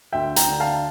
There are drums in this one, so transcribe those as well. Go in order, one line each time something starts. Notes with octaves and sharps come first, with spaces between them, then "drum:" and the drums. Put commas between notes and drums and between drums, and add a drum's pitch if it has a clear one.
D2 E5 G5
G5 A#5, drum: hi-hat
D3
F5 A5